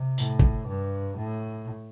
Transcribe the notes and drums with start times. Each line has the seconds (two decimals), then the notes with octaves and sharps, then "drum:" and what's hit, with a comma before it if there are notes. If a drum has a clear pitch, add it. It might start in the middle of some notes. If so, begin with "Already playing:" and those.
Already playing: C3
0.18 A2, drum: tambourine
0.39 drum: kick
0.67 G2
1.16 A2